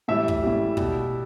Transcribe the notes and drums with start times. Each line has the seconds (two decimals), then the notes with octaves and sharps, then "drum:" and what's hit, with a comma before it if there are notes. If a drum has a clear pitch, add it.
0.08 A2 E3 G3 E5
0.28 drum: kick
0.43 A2 E3 G3
0.77 B2 G3, drum: kick